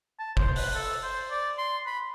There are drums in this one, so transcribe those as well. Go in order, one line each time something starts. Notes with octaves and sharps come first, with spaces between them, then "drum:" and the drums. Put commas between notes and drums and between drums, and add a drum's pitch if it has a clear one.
A5
C5, drum: kick
B4, drum: open hi-hat
A4
C5
D5
C6
B5